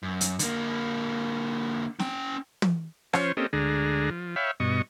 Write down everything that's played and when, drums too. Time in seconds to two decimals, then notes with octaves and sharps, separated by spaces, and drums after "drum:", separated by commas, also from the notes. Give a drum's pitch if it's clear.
0.03 F#2
0.21 drum: hi-hat
0.39 D3 A#3, drum: hi-hat
1.99 C#4 G5, drum: snare
2.62 drum: tom
3.13 F3 C#4 C5 C#5, drum: rim click
3.37 A#3 C4 C#4 G4 A4 D#5
3.53 D2 D3 G#3 D4 G#4 A#5
4.10 F3
4.36 C#5 E5 F5 G5 B5
4.60 G2 B2 D#5 C#6